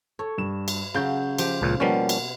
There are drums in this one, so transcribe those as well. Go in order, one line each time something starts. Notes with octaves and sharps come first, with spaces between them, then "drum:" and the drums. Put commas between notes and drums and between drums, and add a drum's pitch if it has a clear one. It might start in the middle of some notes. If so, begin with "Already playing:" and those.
A4 C#5
G2 E7
drum: cymbal
C#3 F#3 F5 G6
F3 G4, drum: cymbal
C#2 A#2
B2 F3 G3 A#3 C#4 F#4
drum: cymbal